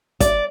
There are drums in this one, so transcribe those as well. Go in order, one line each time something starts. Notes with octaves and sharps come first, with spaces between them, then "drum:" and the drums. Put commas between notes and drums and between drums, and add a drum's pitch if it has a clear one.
D5, drum: kick, hi-hat